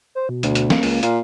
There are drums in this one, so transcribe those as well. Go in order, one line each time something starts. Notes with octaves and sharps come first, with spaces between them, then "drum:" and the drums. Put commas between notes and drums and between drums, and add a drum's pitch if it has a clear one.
C5
B2
D2, drum: hi-hat
drum: hi-hat
A#3, drum: snare
C#2, drum: open hi-hat
A#2 F5, drum: hi-hat